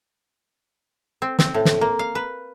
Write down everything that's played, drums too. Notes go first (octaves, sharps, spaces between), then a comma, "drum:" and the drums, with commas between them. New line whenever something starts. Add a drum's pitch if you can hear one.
C4
C4, drum: snare
A2
drum: snare
A#3
F5
B4